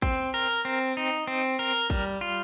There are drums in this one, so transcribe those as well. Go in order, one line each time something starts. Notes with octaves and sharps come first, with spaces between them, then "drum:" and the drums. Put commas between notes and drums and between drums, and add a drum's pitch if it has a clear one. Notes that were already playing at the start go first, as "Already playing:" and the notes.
C4, drum: kick
A#4
C4
D#4
C4
A#4
G3, drum: kick
F4